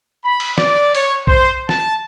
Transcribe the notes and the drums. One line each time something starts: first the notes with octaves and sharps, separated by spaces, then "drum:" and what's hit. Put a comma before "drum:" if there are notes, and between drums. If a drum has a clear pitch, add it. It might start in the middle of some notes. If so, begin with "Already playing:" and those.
B5
drum: cymbal
D5, drum: snare
C#5, drum: open hi-hat
C5, drum: kick B1
A5, drum: snare